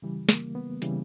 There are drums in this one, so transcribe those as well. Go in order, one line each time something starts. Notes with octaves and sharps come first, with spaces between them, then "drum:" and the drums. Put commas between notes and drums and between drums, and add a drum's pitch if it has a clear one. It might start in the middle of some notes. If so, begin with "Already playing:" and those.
C#3 E3 G3
A#3, drum: snare
B3
C#3 E3 G3, drum: hi-hat